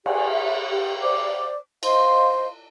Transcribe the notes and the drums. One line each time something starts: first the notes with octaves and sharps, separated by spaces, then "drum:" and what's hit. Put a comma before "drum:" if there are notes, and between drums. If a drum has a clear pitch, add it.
G4 D5 G#5, drum: cymbal
E5
G4
C5 D5 D6
C5 D#5 F5 C6, drum: cymbal